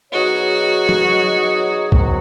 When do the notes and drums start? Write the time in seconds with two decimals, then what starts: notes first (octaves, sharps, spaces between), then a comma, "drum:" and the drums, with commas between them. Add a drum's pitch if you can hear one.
0.12 B2 F#3 D#4 F#4 G#4 C#5
0.89 drum: tom
1.92 G#2 D#3 F#3 B3 F#4, drum: kick